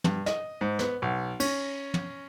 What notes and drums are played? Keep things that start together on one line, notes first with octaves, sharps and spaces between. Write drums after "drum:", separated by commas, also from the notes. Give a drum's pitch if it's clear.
G2, drum: tom
D#5, drum: snare
G#2
B3, drum: snare
B1
C#4, drum: cymbal
drum: tom